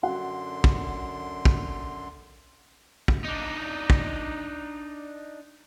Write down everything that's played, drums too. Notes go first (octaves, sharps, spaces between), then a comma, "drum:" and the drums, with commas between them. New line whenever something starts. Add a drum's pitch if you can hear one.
F#2 D3 F#4 F#5 C6
drum: kick
drum: kick
drum: kick
D4 D#4
drum: kick